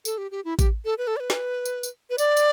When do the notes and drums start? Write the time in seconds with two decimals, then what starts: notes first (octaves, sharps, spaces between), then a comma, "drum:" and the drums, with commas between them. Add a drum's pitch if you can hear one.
0.05 A4, drum: tambourine
0.18 G4
0.31 G4
0.45 E4
0.59 G4, drum: kick A1, tambourine
0.85 A4
0.98 B4
1.07 A4
1.17 D5
1.20 B4
1.30 drum: snare
1.65 drum: tambourine
1.83 drum: tambourine
2.10 B4
2.18 D5, drum: tambourine
2.37 drum: tambourine